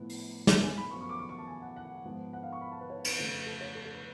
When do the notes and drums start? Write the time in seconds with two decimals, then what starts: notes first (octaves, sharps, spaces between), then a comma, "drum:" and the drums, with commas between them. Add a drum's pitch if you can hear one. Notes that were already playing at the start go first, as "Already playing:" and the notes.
Already playing: A2 F3 B3
0.09 drum: open hi-hat
0.47 drum: snare
0.63 G#5
0.77 B5
0.91 F#2 F3 B3 C#6
1.01 C#6
1.09 D6
1.19 C#6
1.29 C#6
1.38 A5
1.47 G#5
1.62 F#5
1.76 F#5
2.04 G#2 F3 B3
2.33 F#5
2.43 F5
2.53 C#6
2.61 B5
2.72 A5
2.81 B4
2.90 C#5
3.05 B4, drum: cymbal
3.19 F2 C#3 F3 A3 B4
3.47 A4
3.61 C#5
3.75 A4
3.85 A4
3.94 B4